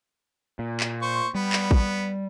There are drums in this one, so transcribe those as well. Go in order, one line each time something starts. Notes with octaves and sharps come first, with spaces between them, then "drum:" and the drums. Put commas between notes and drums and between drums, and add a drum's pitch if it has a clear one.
A#2
drum: clap
C5 C#6
G3 B3
drum: clap
drum: kick A1